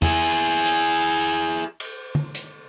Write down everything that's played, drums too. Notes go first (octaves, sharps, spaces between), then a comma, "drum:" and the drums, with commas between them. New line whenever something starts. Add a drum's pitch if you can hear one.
E4 G#4, drum: tom
drum: hi-hat
drum: cymbal
drum: tom
drum: hi-hat